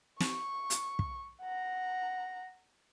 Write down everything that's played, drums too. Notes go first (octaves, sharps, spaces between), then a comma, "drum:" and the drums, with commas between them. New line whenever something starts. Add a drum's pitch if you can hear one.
C#6, drum: snare
drum: hi-hat
drum: kick
F#5 A#5